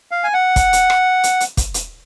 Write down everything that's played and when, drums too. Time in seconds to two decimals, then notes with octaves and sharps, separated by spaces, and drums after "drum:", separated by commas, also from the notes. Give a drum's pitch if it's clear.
0.11 F5
0.24 G#5
0.33 F#5
0.56 drum: kick, hi-hat
0.73 drum: hi-hat
0.90 drum: rim click
1.24 drum: hi-hat
1.40 drum: hi-hat
1.57 drum: kick, hi-hat
1.74 drum: hi-hat